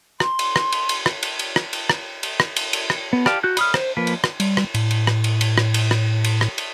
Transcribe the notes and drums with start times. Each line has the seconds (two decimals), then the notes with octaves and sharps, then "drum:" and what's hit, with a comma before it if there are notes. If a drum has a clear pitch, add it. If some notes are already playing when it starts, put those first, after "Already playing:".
0.20 C6, drum: rim click
0.39 drum: cymbal
0.56 drum: rim click
0.72 drum: cymbal
0.89 drum: cymbal
1.06 drum: rim click
1.23 drum: cymbal
1.39 drum: cymbal
1.56 drum: rim click
1.73 drum: cymbal
1.90 drum: rim click
2.23 drum: cymbal
2.40 drum: rim click
2.56 drum: cymbal
2.73 drum: cymbal
2.90 drum: rim click
3.13 B3
3.26 G4 D5 F5 A5, drum: rim click
3.43 F#4 F#6 G6
3.57 B5 D#6 F6, drum: cymbal
3.74 C5, drum: rim click
3.97 F3 A#3 B4
4.07 drum: cymbal
4.24 drum: rim click
4.40 G3, drum: cymbal
4.57 drum: rim click
4.75 A2, drum: cymbal
4.91 drum: cymbal
5.07 drum: rim click
5.24 drum: cymbal
5.41 drum: cymbal
5.58 drum: rim click
5.74 drum: cymbal
5.91 drum: rim click
6.24 drum: cymbal
6.41 drum: rim click
6.58 drum: cymbal